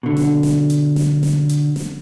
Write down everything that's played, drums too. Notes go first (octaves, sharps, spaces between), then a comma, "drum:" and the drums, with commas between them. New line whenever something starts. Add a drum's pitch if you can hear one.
B2 D3
drum: snare
drum: snare
drum: hi-hat
drum: snare
drum: snare
drum: hi-hat
drum: snare